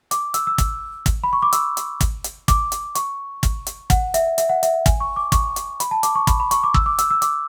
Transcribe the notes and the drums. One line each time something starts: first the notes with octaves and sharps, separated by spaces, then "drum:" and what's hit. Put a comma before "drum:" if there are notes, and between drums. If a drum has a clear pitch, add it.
D6, drum: hi-hat
E6, drum: hi-hat
E6
drum: kick, hi-hat
drum: kick, hi-hat
B5
C#6
D6
E6, drum: hi-hat
drum: hi-hat
drum: kick, hi-hat
drum: hi-hat
D6, drum: kick, hi-hat
drum: hi-hat
C#6, drum: hi-hat
drum: kick, hi-hat
drum: hi-hat
F#5, drum: kick, hi-hat
E5, drum: hi-hat
E5, drum: hi-hat
F#5
E5, drum: hi-hat
G#5, drum: kick, hi-hat
C#6
D6
C#6, drum: kick, hi-hat
drum: hi-hat
B5, drum: hi-hat
A5
D6, drum: hi-hat
C#6
B5, drum: kick, hi-hat
B5
C#6, drum: hi-hat
D6
E6, drum: kick
D6
E6, drum: hi-hat
E6
D6, drum: hi-hat